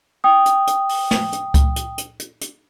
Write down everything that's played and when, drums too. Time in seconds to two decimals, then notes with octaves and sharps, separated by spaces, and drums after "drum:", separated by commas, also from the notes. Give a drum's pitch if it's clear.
0.24 G5 D#6
0.46 drum: hi-hat
0.67 drum: hi-hat
0.89 drum: open hi-hat
1.11 drum: snare
1.33 drum: hi-hat
1.54 drum: kick C#2, hi-hat
1.76 drum: hi-hat
1.98 drum: hi-hat
2.20 drum: hi-hat
2.41 drum: hi-hat